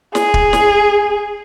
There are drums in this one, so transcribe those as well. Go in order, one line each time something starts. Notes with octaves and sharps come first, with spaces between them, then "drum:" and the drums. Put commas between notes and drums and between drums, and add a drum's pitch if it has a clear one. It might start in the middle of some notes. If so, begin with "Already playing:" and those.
G#4, drum: snare
drum: kick
drum: snare